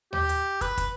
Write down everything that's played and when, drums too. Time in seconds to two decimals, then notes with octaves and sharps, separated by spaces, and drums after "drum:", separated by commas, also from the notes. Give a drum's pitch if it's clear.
0.13 G4, drum: tom D#2
0.29 drum: hi-hat
0.61 B4, drum: kick, hi-hat
0.77 drum: kick, hi-hat